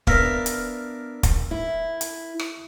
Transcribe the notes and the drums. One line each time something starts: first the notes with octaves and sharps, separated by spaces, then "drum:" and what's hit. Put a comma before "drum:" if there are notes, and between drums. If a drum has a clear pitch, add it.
B3 D4 A#4 E5 F5, drum: kick
drum: hi-hat
drum: kick, hi-hat
E4
drum: hi-hat
drum: rim click